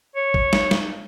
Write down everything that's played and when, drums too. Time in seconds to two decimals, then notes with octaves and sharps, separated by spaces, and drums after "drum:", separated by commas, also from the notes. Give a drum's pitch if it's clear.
0.16 C#5
0.34 drum: kick
0.53 drum: snare
0.71 drum: snare